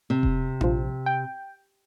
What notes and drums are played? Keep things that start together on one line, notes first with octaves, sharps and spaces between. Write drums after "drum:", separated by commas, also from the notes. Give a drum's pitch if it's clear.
C3
drum: kick E1
A#1 F3, drum: tom D4
G5